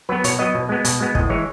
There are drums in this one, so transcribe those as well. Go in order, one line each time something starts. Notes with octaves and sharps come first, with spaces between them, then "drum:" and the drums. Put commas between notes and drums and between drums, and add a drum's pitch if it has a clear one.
F#3 B3 B4
B2 C#5, drum: hi-hat
F#3 B3 D#5
B2
G#3 B3
B2, drum: hi-hat
G#3 B3
A2 D#5, drum: kick
E3 G#3 C#5